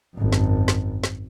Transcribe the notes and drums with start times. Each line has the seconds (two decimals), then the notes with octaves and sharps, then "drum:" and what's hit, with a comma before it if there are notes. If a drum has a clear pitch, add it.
0.15 G#1 F#2
0.33 drum: snare
0.68 drum: snare
1.04 drum: snare